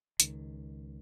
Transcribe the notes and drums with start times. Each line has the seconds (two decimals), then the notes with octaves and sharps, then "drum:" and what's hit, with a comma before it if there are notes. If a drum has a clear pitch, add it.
0.20 C#2 D#3, drum: hi-hat